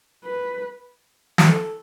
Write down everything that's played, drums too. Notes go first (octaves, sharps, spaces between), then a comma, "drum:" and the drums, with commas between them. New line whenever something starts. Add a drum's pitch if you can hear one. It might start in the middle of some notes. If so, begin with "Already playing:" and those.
B4
drum: snare
A4